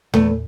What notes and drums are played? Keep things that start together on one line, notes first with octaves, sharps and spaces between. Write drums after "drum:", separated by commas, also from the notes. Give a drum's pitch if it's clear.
E2 A3, drum: tom